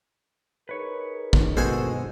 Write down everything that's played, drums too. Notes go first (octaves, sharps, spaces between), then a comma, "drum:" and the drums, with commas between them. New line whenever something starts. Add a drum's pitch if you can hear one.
D#4 G#4 A#4 B4 C#5
drum: kick
B2 G#3 F#4 A4 C5 G#5